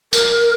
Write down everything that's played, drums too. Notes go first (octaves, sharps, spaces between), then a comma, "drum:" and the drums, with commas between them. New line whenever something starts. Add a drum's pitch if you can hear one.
A#4, drum: tambourine